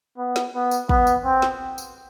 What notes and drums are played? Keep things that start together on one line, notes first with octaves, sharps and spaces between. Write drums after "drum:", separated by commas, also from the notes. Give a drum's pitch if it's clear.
B3
drum: snare
B3
drum: tambourine
B3, drum: kick
drum: tambourine
C4
drum: snare
drum: tambourine